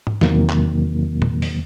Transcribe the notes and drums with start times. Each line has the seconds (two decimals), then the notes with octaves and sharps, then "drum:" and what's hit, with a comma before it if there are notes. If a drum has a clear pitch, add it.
0.07 drum: tom G#2
0.21 E2 C3 D#3 F#3 A#3, drum: snare
0.50 drum: clap
1.22 drum: tom A#2
1.42 drum: open hi-hat